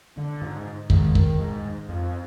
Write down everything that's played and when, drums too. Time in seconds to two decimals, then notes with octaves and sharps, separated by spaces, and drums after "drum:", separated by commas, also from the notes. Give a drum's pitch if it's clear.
0.17 D3
0.42 G#2
0.90 G#2 D#3, drum: kick
1.15 drum: kick
1.40 G#2
1.89 F2